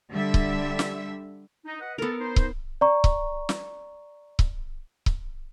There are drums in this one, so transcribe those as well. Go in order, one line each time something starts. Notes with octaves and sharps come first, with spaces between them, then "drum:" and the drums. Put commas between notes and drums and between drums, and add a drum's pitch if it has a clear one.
D3 G3 E5
drum: kick C#1
drum: snare
D#4
B4 D#5 F#5
B3 A4 A#4
D#4 C5
drum: kick C#1
D5 A#5 C#6
drum: kick C#1
drum: snare
drum: kick C#1
drum: kick C#1